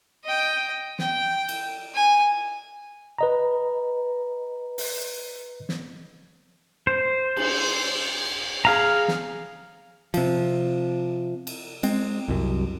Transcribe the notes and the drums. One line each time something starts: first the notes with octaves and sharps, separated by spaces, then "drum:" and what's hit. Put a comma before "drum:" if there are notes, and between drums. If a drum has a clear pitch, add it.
D#5 G5
G5, drum: snare
drum: cymbal
G#5
B4 D#5 A#5
drum: open hi-hat
drum: snare
C5
drum: cymbal
G#4 F5 A#5
drum: snare
C3 F3, drum: cymbal
drum: cymbal
G#3 C4, drum: cymbal
C2 F#2